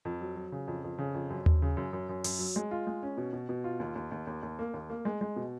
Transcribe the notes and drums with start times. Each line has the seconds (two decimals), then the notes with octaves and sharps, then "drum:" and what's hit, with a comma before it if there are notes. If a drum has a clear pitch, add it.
0.05 F2
0.21 F#3
0.36 F#3
0.52 C#3
0.68 F2
0.84 F2
0.98 C#3
1.14 F2
1.30 F#2
1.46 F#2, drum: tom D#2
1.62 C#3
1.77 F#2
1.93 F#2
2.09 F#2
2.24 F#2, drum: open hi-hat
2.39 F#3
2.56 G#3
2.71 F4
2.87 G#3
3.03 C#4
3.17 B2
3.33 B2
3.49 B2
3.64 F4
3.80 D#2
3.96 D#2
4.12 D#2
4.27 D#2
4.43 D#2
4.59 A#3
4.74 D#2
4.90 A#3
5.05 G#3
5.21 G#3
5.36 B2